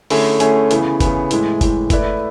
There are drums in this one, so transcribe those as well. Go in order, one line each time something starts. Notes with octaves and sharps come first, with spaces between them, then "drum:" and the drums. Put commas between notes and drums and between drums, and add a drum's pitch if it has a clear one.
D3 A3 C#4 E4 G#4, drum: open hi-hat
D3 A3 C#4 E4 G#4, drum: hi-hat
C#3 E3 B3, drum: hi-hat
C#3 E3 B3, drum: kick F#1, hi-hat
A2 E3 G#3, drum: hi-hat
A2 E3 G#3, drum: kick F#1, hi-hat
A3 E4 B4 D5, drum: kick F#1, hi-hat